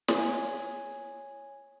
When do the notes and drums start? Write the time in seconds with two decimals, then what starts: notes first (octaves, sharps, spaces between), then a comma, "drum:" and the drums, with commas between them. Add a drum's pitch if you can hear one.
0.08 C#5 G#5, drum: snare